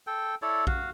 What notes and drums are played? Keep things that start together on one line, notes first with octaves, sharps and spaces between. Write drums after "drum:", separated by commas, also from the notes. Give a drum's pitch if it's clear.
A4 G5
E4 A4 C#5 D5
F#4 F5, drum: kick A#1